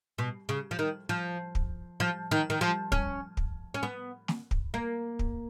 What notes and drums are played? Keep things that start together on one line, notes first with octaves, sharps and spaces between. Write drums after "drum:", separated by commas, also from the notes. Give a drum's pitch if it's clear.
B2
C#3
F3
D#3
F3
drum: kick
F3
D#3
D#3
F3
C#4, drum: kick
drum: kick
C#4
B3
drum: snare
drum: kick
A#3
drum: kick